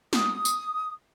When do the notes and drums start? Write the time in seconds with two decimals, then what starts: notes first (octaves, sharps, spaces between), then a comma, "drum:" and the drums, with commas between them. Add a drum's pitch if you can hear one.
0.13 D#6, drum: snare
0.45 drum: tambourine